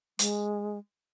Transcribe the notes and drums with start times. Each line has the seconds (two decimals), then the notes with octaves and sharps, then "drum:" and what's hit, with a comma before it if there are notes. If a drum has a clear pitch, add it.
0.19 G#3, drum: hi-hat